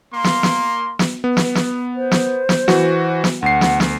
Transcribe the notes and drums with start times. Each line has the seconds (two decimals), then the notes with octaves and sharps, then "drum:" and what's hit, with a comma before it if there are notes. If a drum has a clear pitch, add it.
0.12 A#3 C6
0.24 drum: snare
0.43 drum: snare
0.99 drum: snare
1.24 B3
1.37 drum: snare
1.55 drum: snare
1.96 C5
2.11 drum: snare
2.49 drum: snare
2.68 E3 F#4, drum: snare
3.24 drum: snare
3.42 D2 F#5 C7
3.61 drum: snare
3.80 drum: snare